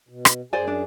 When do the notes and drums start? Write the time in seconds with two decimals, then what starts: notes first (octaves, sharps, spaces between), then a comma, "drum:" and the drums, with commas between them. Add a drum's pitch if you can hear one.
0.09 B2
0.25 drum: rim click
0.53 F#2 G#4 C5 D5 G#5
0.67 D4